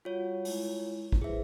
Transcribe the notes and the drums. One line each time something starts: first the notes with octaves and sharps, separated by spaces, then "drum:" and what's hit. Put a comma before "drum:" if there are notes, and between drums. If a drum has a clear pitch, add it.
G3 F4 F#4 C#5 F#5
G#3 E4, drum: open hi-hat
drum: kick A1
E4 G#4 B4 C5 E5